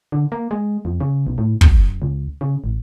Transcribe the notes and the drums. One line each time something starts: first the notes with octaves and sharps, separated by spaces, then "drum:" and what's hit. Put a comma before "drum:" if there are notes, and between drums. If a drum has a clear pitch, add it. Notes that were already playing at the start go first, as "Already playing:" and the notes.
D3
A#3
G#3
F2
C#3
B1
A2
F#2, drum: kick
C#2
C#3
A1